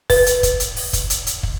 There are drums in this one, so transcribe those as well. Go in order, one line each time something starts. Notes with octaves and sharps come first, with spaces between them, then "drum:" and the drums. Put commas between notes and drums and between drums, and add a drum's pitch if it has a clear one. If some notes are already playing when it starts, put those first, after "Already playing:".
B4, drum: kick, open hi-hat
drum: hi-hat
drum: kick, hi-hat
drum: hi-hat
drum: open hi-hat
drum: kick, hi-hat
drum: hi-hat
drum: hi-hat
drum: kick